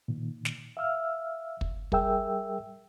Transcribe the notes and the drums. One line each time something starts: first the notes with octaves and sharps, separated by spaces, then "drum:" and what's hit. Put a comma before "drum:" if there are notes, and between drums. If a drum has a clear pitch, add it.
A#2 D#3
drum: snare
E5 F5 E6 F6
drum: kick
G3 G#4 A#4 E5 G5 E6, drum: kick